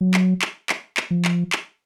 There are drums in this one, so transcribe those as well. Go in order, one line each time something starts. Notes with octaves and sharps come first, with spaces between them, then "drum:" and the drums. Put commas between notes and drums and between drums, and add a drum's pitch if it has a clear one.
F#3
drum: clap
drum: clap
drum: clap
drum: clap
F3
drum: clap
drum: clap